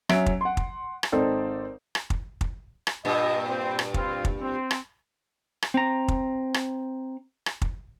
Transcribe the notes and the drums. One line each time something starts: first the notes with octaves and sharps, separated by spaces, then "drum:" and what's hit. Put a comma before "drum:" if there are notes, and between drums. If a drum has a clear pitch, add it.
F#3 C#4 E5 D7, drum: rim click
drum: kick
F#5 C6
drum: kick
drum: rim click
G#1 C4 D#4 A4 D5
drum: rim click
drum: kick
drum: kick
drum: rim click
G2 A#2 D#5
C4
drum: rim click
C4 F4, drum: kick
drum: kick
C4
drum: rim click
drum: rim click
C4 A#5
drum: kick
drum: rim click
drum: rim click
drum: kick